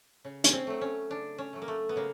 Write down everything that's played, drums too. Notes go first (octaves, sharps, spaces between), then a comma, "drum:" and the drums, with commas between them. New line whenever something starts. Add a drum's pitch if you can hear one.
C#3
C#4, drum: hi-hat
C4
F#3 A3
C#4
C#3 D4
C#4
F#3 A3
A#3
A3
B3
C#3 A#3